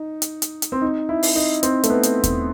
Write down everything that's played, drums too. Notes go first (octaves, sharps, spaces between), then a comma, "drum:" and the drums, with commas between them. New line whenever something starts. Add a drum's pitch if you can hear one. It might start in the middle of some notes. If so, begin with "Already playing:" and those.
Already playing: D#4
drum: hi-hat
drum: hi-hat
drum: hi-hat
C4
D#4
E4
drum: open hi-hat
D#4
C4, drum: hi-hat
A3, drum: hi-hat
B3
drum: hi-hat
drum: kick D#2, hi-hat